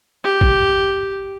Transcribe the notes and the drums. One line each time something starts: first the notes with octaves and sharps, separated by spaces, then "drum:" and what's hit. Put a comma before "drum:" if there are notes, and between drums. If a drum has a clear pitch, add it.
G4
drum: kick